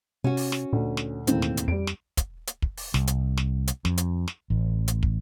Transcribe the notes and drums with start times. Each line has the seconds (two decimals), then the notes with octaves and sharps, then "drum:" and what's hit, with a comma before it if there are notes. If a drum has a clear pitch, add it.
0.24 C3 C#4 F#4
0.37 drum: open hi-hat
0.52 drum: snare
0.73 D2 A#2
0.97 drum: snare
1.27 E1 D#2 A2 C4, drum: hi-hat
1.42 drum: snare
1.57 drum: hi-hat
1.68 F2 G3 D7
1.87 drum: snare
2.17 drum: kick, hi-hat
2.47 drum: hi-hat
2.62 drum: kick
2.77 drum: open hi-hat
2.94 C2, drum: snare
3.07 drum: hi-hat
3.37 drum: snare
3.67 drum: hi-hat
3.85 F2, drum: snare
3.98 drum: hi-hat
4.28 drum: snare
4.50 A1
4.88 drum: hi-hat
5.03 drum: kick